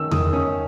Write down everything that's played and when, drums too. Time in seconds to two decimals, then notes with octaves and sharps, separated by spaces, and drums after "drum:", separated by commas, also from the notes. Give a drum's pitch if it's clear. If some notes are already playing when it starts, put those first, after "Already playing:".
Already playing: D#3 C#4 E6
0.11 D#3 D#6, drum: tom E2
0.33 C#4 D#6